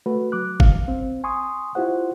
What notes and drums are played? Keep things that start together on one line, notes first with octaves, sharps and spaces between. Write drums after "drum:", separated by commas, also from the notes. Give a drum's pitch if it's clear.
A3 F#4 B4
F#3 D6 F#6
F5, drum: kick G1
C4
G#5 C6 C#6 D#6
E4 F4 G4 C5 F#5